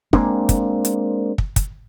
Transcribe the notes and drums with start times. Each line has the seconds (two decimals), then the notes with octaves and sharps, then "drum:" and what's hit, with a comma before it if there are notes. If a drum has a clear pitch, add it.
0.13 G#3 A#3 C4 D4, drum: kick
0.49 drum: kick, hi-hat
0.85 drum: hi-hat
1.38 drum: kick
1.56 drum: kick, hi-hat